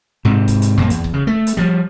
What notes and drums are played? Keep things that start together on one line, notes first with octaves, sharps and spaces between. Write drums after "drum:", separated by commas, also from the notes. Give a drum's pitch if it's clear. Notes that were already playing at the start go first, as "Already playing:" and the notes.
G#2 C3
drum: kick C#1, hi-hat
drum: hi-hat
F#2 A#2 A#3, drum: rim click
E2, drum: hi-hat
drum: kick C#1
C#3
A3
drum: hi-hat
F3 G3